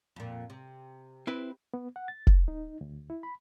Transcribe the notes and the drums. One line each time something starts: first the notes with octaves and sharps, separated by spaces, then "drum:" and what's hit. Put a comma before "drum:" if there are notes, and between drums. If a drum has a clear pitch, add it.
F2 A#2
C3
C4 E4 B4
B3
F#5
A6
drum: kick
D#4
D2
E4
B5